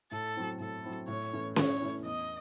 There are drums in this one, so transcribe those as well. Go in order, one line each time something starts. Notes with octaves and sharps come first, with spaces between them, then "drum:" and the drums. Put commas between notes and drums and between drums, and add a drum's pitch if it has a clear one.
A2 A4
F#3 C4 E4
A2 A4
F#3 C4 E4
A2 C#5
E3 A3 C#4 E4
A2 C#5, drum: snare C#4
E3 A3 C#4 E4
E2 D#5